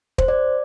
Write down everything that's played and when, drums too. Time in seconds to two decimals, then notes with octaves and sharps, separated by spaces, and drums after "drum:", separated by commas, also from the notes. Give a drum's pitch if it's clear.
0.18 C5, drum: kick
0.28 D5